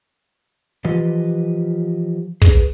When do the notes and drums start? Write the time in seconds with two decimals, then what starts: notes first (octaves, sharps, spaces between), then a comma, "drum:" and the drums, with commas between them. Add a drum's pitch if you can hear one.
0.85 E3 F3 F4 G4 B4 D#5
2.42 G#4 B4, drum: kick